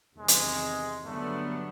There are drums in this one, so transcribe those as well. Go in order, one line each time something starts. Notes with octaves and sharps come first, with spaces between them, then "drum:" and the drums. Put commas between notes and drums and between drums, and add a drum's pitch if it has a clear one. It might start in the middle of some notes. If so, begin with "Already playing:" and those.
E2 C3 D#3 G#3
drum: hi-hat
G2 D3 F#3 A3 B3 D4